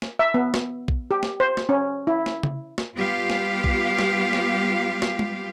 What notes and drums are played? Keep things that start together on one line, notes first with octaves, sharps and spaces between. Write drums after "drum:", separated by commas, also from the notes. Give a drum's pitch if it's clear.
drum: snare
E5
B3
drum: snare
drum: kick
G4
drum: snare
C5
drum: snare
C#4
E4
drum: snare
drum: tom C#3
drum: snare
G3 B3 F4 G4 F5
drum: snare
drum: kick
drum: snare
drum: snare
drum: snare
drum: tom